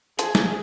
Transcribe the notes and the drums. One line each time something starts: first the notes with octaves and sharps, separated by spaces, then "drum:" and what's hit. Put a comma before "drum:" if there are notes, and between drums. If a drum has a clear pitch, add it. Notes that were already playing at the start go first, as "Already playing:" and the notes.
F3 G#4, drum: hi-hat
drum: snare